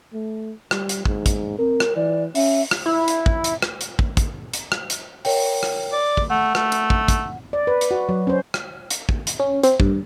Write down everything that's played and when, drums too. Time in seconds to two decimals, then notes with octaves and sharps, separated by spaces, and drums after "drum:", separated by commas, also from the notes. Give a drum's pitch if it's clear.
0.13 A3
0.71 G3, drum: rim click
0.89 drum: hi-hat
1.05 G#2, drum: kick
1.26 drum: kick, hi-hat
1.58 C4 A#4
1.80 drum: rim click
1.96 E3 D5
2.35 C#4 E5, drum: open hi-hat
2.71 drum: rim click
2.86 E4
3.08 drum: hi-hat
3.26 drum: kick
3.44 drum: hi-hat
3.62 drum: rim click
3.81 drum: hi-hat
3.99 drum: kick
4.17 drum: kick, hi-hat
4.53 drum: hi-hat
4.72 drum: rim click
4.90 drum: hi-hat
5.25 A#4 C#5 G5, drum: open hi-hat
5.63 drum: rim click
5.92 D5
6.17 drum: kick
6.30 A3 F#5
6.55 A3, drum: rim click
6.72 drum: hi-hat
6.90 drum: kick
7.08 drum: kick, hi-hat
7.53 D5
7.67 B4
7.81 drum: hi-hat
7.91 F#4
8.09 F#3
8.27 C#4 C5
8.54 drum: rim click
8.90 drum: hi-hat
9.09 drum: kick
9.27 drum: hi-hat
9.40 C#4
9.64 C4, drum: hi-hat
9.80 G2, drum: kick